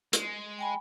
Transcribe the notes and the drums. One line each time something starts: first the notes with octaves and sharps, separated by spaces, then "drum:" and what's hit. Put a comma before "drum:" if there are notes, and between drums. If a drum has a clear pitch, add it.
G#3, drum: hi-hat
G5 G#5 B5